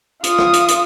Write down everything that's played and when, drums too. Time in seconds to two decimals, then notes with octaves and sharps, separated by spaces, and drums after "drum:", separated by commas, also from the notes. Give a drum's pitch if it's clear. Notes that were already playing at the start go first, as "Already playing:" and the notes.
0.24 F4 D#6, drum: hi-hat
0.38 drum: rim click
0.53 drum: hi-hat
0.68 drum: hi-hat